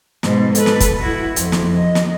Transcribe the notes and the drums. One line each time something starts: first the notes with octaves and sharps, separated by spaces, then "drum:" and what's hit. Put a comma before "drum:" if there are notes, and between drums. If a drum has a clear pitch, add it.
G#2 B2, drum: snare
A4 B4, drum: hi-hat
drum: snare
drum: kick, hi-hat
E4 F#4
F2, drum: hi-hat
drum: snare
D#5
drum: snare